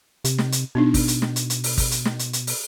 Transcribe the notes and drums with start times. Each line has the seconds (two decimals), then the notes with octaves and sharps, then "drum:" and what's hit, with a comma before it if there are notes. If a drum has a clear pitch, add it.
0.25 C3, drum: hi-hat
0.38 drum: snare
0.52 drum: hi-hat
0.75 B2 B3 D4 D#4
0.94 drum: kick, open hi-hat
1.08 drum: hi-hat
1.22 drum: snare
1.36 drum: hi-hat
1.50 drum: hi-hat
1.64 drum: open hi-hat
1.78 drum: kick, open hi-hat
1.91 drum: hi-hat
2.05 drum: snare
2.19 drum: hi-hat
2.33 drum: hi-hat
2.47 drum: open hi-hat